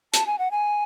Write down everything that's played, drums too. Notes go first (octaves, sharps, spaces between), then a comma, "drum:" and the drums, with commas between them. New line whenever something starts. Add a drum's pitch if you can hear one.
A5, drum: hi-hat
G#5
F#5
G#5